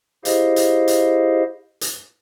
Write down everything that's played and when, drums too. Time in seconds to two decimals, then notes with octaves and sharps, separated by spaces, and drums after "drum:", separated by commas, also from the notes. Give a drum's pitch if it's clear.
0.25 E4 G4 G#4 C5 D#5 F5, drum: hi-hat
0.56 drum: hi-hat
0.88 drum: hi-hat
1.81 drum: hi-hat